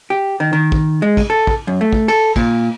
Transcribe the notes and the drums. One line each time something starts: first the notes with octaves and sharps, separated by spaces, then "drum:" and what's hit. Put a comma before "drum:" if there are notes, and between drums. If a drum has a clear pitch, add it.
G4
D#3
D#3
drum: kick
G#3
drum: kick, cymbal
A4
drum: kick
F#2
A3
drum: kick
A4, drum: cymbal
A#2, drum: kick, cymbal